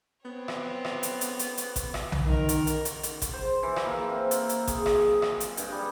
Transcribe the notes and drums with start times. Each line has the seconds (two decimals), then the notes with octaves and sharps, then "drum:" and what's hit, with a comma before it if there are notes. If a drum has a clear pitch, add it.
0.25 B3 C4 C#5
0.48 drum: rim click
0.85 drum: rim click
1.03 drum: hi-hat
1.21 drum: hi-hat
1.39 drum: hi-hat
1.57 drum: hi-hat
1.76 drum: kick G#1, hi-hat
1.94 drum: rim click
2.12 drum: tom B1
2.26 D#3 A#4
2.49 drum: hi-hat
2.67 drum: hi-hat
2.85 drum: hi-hat
3.03 drum: hi-hat
3.22 drum: kick G#1, hi-hat
3.33 C5
3.63 E3
3.76 drum: rim click
3.86 A#3
4.10 C4
4.31 drum: hi-hat
4.49 drum: hi-hat
4.67 G#4, drum: kick G#1, hi-hat
4.86 drum: rim click
4.96 D#5
5.22 drum: rim click
5.40 drum: hi-hat
5.57 G2, drum: hi-hat
5.71 G3